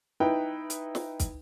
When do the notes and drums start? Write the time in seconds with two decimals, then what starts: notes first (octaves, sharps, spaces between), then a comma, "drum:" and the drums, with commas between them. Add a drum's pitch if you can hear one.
0.20 D#4 E4 B4 G5
0.70 drum: hi-hat
0.95 drum: snare
1.20 drum: kick, hi-hat